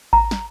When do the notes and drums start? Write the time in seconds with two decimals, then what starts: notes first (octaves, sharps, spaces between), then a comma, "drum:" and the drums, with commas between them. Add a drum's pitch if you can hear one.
0.13 A#5, drum: kick A1
0.31 drum: snare